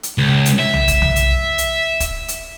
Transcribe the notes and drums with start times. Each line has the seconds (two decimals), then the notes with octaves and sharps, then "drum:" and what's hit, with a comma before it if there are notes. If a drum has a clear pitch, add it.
0.03 drum: hi-hat
0.18 C#2
0.45 drum: hi-hat
0.60 E5
0.74 drum: tom B1
0.88 drum: kick, hi-hat
1.02 drum: tom B1
1.16 drum: hi-hat
1.58 drum: hi-hat
2.00 drum: kick, hi-hat
2.28 drum: hi-hat